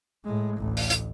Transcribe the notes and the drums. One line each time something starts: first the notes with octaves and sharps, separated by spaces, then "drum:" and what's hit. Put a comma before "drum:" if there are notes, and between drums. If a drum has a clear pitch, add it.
A2 G#3
A1 D2
drum: open hi-hat
drum: hi-hat